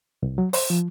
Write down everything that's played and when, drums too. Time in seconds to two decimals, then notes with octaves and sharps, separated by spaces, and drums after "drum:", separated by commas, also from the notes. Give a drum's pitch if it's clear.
0.23 C2
0.38 F#3
0.53 C5, drum: open hi-hat
0.70 F3